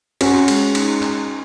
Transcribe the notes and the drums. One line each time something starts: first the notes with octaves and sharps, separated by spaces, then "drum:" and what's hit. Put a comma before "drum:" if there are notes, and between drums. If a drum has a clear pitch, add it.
C#4 F#4, drum: cymbal
G#3, drum: cymbal
D#4, drum: cymbal
drum: clap